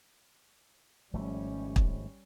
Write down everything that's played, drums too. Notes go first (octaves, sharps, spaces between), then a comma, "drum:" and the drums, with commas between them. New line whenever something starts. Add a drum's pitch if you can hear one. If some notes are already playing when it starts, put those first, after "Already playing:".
G#1 F3 G3 A3 C#4
drum: kick